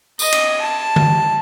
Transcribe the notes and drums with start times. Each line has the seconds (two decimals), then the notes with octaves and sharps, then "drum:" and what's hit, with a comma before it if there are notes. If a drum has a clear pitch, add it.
0.19 D#5, drum: tambourine
0.32 drum: cymbal
0.61 A5
0.96 drum: tom D3